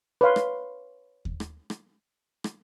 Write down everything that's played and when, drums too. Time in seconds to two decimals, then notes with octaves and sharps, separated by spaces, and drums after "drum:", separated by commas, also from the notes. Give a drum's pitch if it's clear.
0.21 B4 C#5 F5 C6
0.36 drum: rim click
1.25 drum: kick D#2
1.40 drum: rim click
1.70 drum: rim click
2.44 drum: rim click